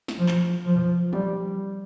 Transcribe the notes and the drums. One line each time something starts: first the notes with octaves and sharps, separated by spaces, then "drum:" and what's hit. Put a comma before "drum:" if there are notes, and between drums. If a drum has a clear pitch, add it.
drum: snare
F3
drum: clap
F3
G3, drum: tom